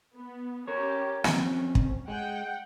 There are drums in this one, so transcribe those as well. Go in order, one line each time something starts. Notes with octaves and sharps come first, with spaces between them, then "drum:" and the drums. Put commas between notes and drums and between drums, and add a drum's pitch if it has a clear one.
B3
C#4 G4 A#4 C#5
F2 C4 C#4, drum: snare
drum: kick
G#3 F#5 G5